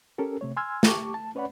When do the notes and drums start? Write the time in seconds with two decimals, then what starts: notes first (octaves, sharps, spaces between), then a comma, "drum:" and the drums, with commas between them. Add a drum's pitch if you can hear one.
0.18 C#4 G4 A4 A#4
0.41 C3 A3 C#5
0.57 G#5 C6 E6 F6 G#6
0.83 G4 A5 C#6 D6, drum: snare
1.14 A5
1.35 C#4 B4 C#5 D5 F#5 B5